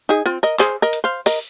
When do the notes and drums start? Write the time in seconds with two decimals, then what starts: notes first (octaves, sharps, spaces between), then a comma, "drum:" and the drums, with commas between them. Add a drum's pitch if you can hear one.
0.09 D#4 G#4
0.26 C4 F4
0.43 A#4 D#5
0.59 G#4 C5, drum: clap
0.82 A#4 D#5
0.93 drum: hi-hat
1.04 C5 F5
1.26 A#4 D#5, drum: open hi-hat